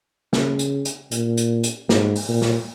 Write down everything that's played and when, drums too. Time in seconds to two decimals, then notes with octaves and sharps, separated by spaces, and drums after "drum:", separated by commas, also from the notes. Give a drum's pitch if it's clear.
0.33 C#3, drum: snare
0.59 drum: hi-hat
0.85 drum: hi-hat
1.11 A#2, drum: hi-hat
1.37 drum: hi-hat
1.63 drum: hi-hat
1.89 G#2, drum: snare
2.15 drum: open hi-hat
2.29 A#2
2.42 drum: snare